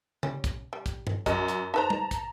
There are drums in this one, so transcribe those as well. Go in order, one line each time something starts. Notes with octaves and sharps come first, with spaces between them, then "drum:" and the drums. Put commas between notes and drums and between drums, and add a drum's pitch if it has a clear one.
G3 C#4, drum: tom C#3
drum: kick, hi-hat
G3
drum: kick, hi-hat
drum: tom G2
F#2 D#5, drum: kick, hi-hat
drum: hi-hat
D#4 B4 C5 A5 A#5
drum: tom G3
drum: kick, hi-hat